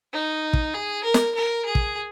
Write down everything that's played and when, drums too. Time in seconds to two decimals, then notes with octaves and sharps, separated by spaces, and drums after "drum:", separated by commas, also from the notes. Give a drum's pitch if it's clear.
0.13 D#4
0.53 drum: kick
0.74 G#4
1.04 A#4
1.14 drum: snare
1.35 A#4
1.65 G#4
1.75 drum: kick